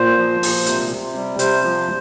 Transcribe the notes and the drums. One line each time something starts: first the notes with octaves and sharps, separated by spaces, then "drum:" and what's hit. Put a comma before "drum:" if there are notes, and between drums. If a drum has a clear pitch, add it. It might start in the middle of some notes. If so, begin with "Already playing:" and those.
Already playing: A#2 C5
F3
A#2, drum: open hi-hat
C3, drum: hi-hat
C3
G3
C3 C5, drum: hi-hat
F3